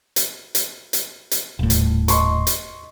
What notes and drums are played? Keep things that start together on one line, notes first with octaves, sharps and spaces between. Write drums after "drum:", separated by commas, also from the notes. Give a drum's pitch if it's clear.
drum: hi-hat
drum: hi-hat
drum: hi-hat
drum: hi-hat
D#1 A2
drum: hi-hat
D#5 C6 C#6, drum: hi-hat
drum: hi-hat